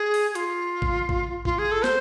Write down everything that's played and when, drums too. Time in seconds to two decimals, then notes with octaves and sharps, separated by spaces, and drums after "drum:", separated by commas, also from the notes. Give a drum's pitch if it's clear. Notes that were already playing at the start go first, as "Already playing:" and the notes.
Already playing: G#4
0.14 drum: open hi-hat
0.31 G#4
0.35 F4, drum: hi-hat
0.82 drum: kick A1
1.09 drum: kick A1
1.45 F4, drum: kick A1
1.59 G#4
1.71 A4
1.84 C5, drum: snare